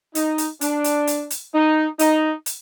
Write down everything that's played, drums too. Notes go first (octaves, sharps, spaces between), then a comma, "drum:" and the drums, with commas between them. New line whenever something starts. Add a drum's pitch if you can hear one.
D#4, drum: hi-hat
drum: hi-hat
D4, drum: hi-hat
drum: hi-hat
drum: hi-hat
drum: hi-hat
D#4
D#4, drum: hi-hat
drum: hi-hat